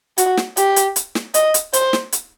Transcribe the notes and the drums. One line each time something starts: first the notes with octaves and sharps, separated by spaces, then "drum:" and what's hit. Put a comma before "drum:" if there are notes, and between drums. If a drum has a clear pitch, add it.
F#4, drum: hi-hat
drum: snare
G4, drum: hi-hat
drum: hi-hat
drum: hi-hat
drum: snare
D#5, drum: hi-hat
drum: hi-hat
C5, drum: hi-hat
drum: snare
drum: hi-hat